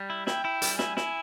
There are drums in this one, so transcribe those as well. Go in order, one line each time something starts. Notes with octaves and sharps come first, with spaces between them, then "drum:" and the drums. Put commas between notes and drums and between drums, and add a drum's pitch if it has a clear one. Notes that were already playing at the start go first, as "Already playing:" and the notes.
Already playing: G3
E4
E4 G5, drum: snare
E4
G3, drum: hi-hat
E4 G#5, drum: snare
E4, drum: snare